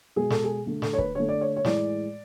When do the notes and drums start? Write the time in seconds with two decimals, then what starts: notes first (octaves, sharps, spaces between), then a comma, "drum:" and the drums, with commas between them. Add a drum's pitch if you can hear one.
0.16 B2 G#3 G#4
0.30 A4, drum: snare
0.44 G#4
0.66 D3 A3
0.82 A4, drum: snare
0.93 C#5
0.98 B4, drum: kick
1.15 D3 A3 C#5
1.28 D5
1.41 C#5
1.56 C#5
1.65 A2 E3 G#3 D5, drum: snare